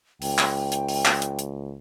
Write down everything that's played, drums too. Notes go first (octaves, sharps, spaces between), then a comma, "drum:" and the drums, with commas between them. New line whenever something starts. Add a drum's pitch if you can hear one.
C#2 G5, drum: open hi-hat
drum: clap
drum: hi-hat
drum: open hi-hat
drum: clap
drum: hi-hat
drum: hi-hat